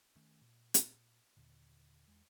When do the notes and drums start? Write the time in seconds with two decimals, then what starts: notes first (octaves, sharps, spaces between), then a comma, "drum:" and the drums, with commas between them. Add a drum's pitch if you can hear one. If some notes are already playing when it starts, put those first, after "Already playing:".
0.16 D#3 A3 C#4
0.41 A#2
0.74 drum: hi-hat
1.37 D#2 A#2 D3
2.08 E2 G#3